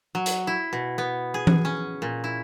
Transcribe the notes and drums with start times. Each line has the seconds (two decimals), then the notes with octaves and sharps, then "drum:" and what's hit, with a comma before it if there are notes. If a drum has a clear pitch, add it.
0.15 F#3
0.26 drum: hi-hat
0.47 E4
0.73 B2
0.98 B3
1.34 G#4
1.47 drum: tom E3
1.65 C#4
2.02 A#2
2.24 E4